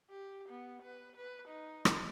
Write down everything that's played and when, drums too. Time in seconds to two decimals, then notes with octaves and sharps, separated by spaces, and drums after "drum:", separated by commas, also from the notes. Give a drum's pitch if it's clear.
0.10 G4
0.49 B3
0.83 B4
1.16 B4
1.49 D#4
1.85 drum: rim click